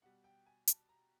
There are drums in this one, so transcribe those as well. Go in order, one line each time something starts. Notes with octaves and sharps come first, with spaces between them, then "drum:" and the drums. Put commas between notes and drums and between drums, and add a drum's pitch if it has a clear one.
B2 G3 F#5
G5
G#5
A5, drum: hi-hat
A#5